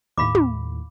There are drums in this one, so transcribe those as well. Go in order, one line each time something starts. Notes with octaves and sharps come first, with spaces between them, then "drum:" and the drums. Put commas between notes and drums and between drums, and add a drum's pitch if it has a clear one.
D#2 A2 F5 B5 D6
drum: tom